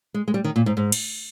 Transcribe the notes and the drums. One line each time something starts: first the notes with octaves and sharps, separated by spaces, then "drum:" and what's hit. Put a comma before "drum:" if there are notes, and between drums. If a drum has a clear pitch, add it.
G#3
G#3
G3
D#3
A#2
G#2
G#2
drum: cymbal